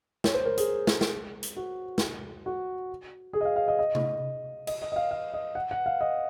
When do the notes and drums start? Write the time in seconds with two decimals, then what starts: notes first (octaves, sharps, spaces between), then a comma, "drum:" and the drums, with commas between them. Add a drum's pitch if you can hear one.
0.24 C#5, drum: snare
0.34 C5
0.45 A#4
0.58 G#4, drum: hi-hat
0.87 drum: snare
1.01 drum: snare
1.43 drum: hi-hat
1.56 F#4
1.98 drum: snare
2.46 F#4
3.33 G#4
3.41 D#5
3.45 F5
3.56 F5
3.68 D#5
3.79 D#5
3.95 drum: tom C3
4.67 D#5, drum: cymbal
4.82 D#5
4.92 D#5
4.96 F5
5.11 F5
5.34 D#5
5.55 F#5
5.71 F#5
5.86 F5
6.01 D#5